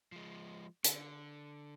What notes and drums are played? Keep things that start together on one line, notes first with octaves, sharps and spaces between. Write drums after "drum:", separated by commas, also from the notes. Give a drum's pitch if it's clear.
F3 G#3
D3, drum: hi-hat